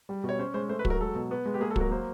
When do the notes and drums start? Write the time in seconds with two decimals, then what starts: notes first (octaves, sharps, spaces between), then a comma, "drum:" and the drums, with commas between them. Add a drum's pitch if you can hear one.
0.09 G3
0.24 B2
0.29 C#5
0.39 C#4 C5
0.54 G#3 C5
0.69 A3 C5
0.79 B4
0.85 F#3, drum: kick
0.90 A#4
1.01 G#3 A4
1.15 B2
1.31 B3
1.46 G#3
1.54 G4
1.60 A#3 G#4
1.71 A4
1.76 F#3 A#4, drum: kick
1.91 A#3 C5